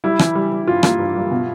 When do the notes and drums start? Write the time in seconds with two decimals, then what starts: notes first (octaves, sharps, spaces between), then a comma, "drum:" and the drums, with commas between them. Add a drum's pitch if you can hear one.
0.04 G3 E4
0.19 E3, drum: rim click
0.35 G3
0.52 G3
0.68 G2 F4
0.83 A#3, drum: rim click
0.99 G2
1.16 G3
1.31 B2